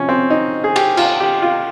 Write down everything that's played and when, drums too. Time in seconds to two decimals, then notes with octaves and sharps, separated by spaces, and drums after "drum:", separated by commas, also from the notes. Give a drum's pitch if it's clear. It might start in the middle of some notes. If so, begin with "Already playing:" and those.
Already playing: C3 F3 C#4
0.09 C4
0.30 D#4
0.64 G#4
0.76 G4, drum: cymbal
0.97 F4, drum: cymbal
1.20 G4
1.42 F4